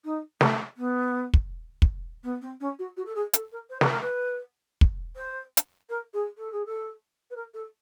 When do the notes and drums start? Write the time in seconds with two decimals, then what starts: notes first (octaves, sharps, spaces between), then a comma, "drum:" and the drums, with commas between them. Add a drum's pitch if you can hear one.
0.05 D#4
0.41 A3, drum: snare
0.77 B3
1.34 drum: kick
1.82 drum: kick
2.23 B3
2.41 C4
2.60 C#4
2.79 F#4
2.97 F#4
3.06 A4
3.15 G#4
3.33 A4, drum: hi-hat
3.52 A#4
3.70 C5
3.81 B4, drum: snare
3.91 A#4
4.01 B4
4.81 drum: kick
5.16 C5
5.57 drum: hi-hat
5.89 A#4
6.14 G#4
6.38 A4
6.52 G#4
6.66 A4
7.30 B4
7.36 A#4
7.54 A4